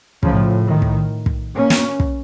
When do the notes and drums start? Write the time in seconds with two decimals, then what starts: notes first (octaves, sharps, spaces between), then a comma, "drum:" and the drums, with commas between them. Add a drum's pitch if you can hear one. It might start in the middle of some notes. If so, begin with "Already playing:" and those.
0.23 A2 C#3 F3, drum: kick
0.67 D#3
0.82 drum: kick
1.26 drum: kick
1.55 A#3 C#4
1.70 drum: snare
2.00 drum: kick